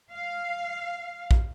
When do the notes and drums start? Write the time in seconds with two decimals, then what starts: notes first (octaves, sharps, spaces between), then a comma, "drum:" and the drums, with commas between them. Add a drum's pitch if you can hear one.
0.12 F5
1.31 drum: kick A#1